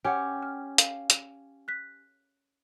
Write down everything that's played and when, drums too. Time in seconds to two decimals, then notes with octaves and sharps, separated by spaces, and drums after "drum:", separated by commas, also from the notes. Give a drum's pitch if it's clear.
0.05 C#4 G4 F#5 G5
0.43 F6
0.78 F5, drum: hi-hat
1.10 drum: hi-hat
1.68 F#6 B6